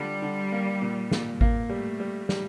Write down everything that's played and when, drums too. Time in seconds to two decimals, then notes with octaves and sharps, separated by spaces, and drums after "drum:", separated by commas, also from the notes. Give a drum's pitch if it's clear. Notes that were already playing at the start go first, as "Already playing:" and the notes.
Already playing: D3 G3 F4
0.22 D3
0.52 A#3
0.82 A#2
1.11 A#2, drum: snare
1.41 A#3, drum: kick G#1
1.69 G3 A3
2.00 G3
2.29 G3, drum: snare